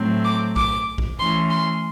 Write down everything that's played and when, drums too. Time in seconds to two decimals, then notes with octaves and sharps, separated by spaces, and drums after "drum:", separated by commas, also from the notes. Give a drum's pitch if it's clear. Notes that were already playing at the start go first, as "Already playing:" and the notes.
Already playing: A2 F#3 A3 C4
0.25 D6
0.56 D6, drum: kick A#1
0.98 drum: kick A#1
1.19 E3 A3 C#4 C6
1.50 C6